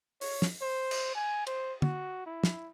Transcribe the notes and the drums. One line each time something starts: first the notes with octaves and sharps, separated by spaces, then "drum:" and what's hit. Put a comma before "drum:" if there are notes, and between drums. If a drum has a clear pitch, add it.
C#5, drum: open hi-hat
drum: snare
C5
drum: cymbal
G#5
C5, drum: cymbal
F#4, drum: tom D3
E4
drum: snare